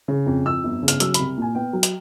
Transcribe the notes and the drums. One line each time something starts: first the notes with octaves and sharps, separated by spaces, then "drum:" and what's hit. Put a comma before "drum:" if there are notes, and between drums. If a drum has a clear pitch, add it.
C#3
F2
F2 E6
G1
C#3
F6, drum: hi-hat
F#3 E6, drum: hi-hat
B5, drum: hi-hat
C2
A#2 G#5
B3 G5
F#3
drum: hi-hat